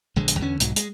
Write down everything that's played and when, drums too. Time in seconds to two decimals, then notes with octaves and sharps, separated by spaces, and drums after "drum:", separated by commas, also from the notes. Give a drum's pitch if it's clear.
0.16 A#1 D3 G#3
0.28 drum: hi-hat
0.39 E2 D3 C#4
0.60 B1 G#2 F#3, drum: hi-hat
0.76 G#3, drum: hi-hat